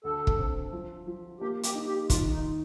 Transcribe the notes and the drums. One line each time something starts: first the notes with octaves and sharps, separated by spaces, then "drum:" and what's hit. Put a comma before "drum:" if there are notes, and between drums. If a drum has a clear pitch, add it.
D2 A4
drum: kick
C4
F3
F3
A#3 G4
G4, drum: hi-hat
D#4
G4
D#3 F4, drum: kick, hi-hat
D#4